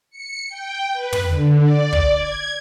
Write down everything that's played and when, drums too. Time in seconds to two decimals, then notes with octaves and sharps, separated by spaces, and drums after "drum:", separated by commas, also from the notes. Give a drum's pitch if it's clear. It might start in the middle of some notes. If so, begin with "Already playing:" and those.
0.10 C#7
0.49 G5
0.93 B4
1.13 drum: tom
1.29 D3
1.60 D5
1.93 drum: kick
2.13 G#6